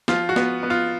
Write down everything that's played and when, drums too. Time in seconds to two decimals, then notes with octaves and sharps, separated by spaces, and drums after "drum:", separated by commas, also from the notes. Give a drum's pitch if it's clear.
0.08 F3 F4, drum: snare
0.29 F#4
0.36 B3, drum: snare
0.63 B3
0.70 F4